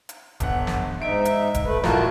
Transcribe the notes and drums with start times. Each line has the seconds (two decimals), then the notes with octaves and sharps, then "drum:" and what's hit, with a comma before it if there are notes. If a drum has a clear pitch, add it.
0.09 drum: hi-hat
0.40 G1 F#5, drum: kick D1, hi-hat
0.67 drum: snare
1.02 G#2 D#4 E5 D7
1.25 drum: hi-hat
1.54 drum: kick D1, hi-hat
1.64 A3 B4
1.84 A2 F4 F#4 A#4 A5, drum: snare